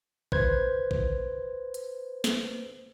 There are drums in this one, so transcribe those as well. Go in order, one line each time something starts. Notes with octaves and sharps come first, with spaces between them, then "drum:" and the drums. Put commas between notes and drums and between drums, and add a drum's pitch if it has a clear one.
B4 C5 G#6, drum: kick
drum: kick
drum: hi-hat
drum: snare